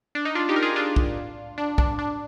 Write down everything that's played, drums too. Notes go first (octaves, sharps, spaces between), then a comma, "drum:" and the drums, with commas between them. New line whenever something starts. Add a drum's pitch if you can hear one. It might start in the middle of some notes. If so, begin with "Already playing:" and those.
D4
D#4
D4 F4
D#4 G4
A#4
F4 G#4
D4 F4
drum: kick B1
D4
D4, drum: kick B1
D4